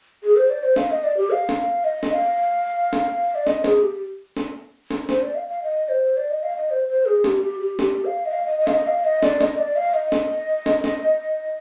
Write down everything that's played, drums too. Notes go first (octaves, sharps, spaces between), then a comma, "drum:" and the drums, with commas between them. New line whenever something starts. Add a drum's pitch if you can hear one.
G#4
C5
D5
C5
F5, drum: snare
D#5
D5
G4
F5
drum: snare
D#5
drum: snare
F5
drum: snare
D5
D#5, drum: snare
G#4, drum: snare
G4
drum: snare
drum: snare
C5, drum: snare
D5
F5
F5
D#5
C5
D5
D#5
F5
D#5
C5
C5
G#4
G4, drum: snare
G4
G4
G4, drum: snare
F5
D#5
F5
D#5
D#5
F5, drum: snare
D#5
F5
D#5
D5, drum: snare
D#5, drum: snare
D5
F5
D#5
drum: snare
drum: snare
drum: snare